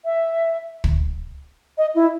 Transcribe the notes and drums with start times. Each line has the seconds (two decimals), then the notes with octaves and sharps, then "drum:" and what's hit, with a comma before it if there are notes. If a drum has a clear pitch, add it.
0.05 E5
0.84 drum: kick
1.78 D#5
1.95 E4